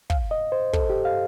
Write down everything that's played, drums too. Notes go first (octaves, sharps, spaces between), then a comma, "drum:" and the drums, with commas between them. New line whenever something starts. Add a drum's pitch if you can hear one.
F5, drum: kick
D#5
C5
A4, drum: kick
G4
F5